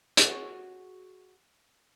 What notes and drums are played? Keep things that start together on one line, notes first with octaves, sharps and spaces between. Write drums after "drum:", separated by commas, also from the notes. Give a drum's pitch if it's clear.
F#4 G#4 C#5, drum: hi-hat